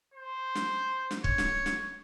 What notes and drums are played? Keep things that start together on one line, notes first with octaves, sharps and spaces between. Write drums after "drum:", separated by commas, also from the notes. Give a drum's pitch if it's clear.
C5
drum: snare
drum: snare
C#5, drum: kick
drum: snare
drum: snare